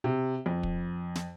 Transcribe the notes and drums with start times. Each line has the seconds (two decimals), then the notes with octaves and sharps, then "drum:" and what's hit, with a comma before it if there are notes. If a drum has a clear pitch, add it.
0.04 C3
0.46 F2
0.63 drum: kick
1.15 drum: snare